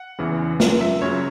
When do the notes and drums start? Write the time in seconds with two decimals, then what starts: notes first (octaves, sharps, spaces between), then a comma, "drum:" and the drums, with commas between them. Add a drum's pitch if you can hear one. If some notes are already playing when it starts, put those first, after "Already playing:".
Already playing: F#5
0.18 E2 C#3 E3
0.60 F#2 C#3 F#3, drum: snare
0.81 E5
1.01 F#2 C#3 F#3 C#5